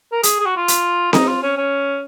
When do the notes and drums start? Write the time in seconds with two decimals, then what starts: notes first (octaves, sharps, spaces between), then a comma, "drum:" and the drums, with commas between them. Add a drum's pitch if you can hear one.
0.12 A#4
0.23 G#4, drum: hi-hat
0.40 G#4
0.46 F#4
0.57 F4
0.68 drum: hi-hat
1.13 D#4, drum: snare C4
1.27 F4
1.43 C#4
1.58 C#4